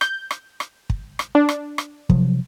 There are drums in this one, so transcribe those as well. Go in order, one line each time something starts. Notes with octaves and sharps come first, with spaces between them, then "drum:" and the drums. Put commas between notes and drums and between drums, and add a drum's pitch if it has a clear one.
G6, drum: rim click
drum: rim click
drum: rim click
drum: kick
drum: rim click
D4
drum: rim click
drum: rim click
C3 F3 F#3, drum: kick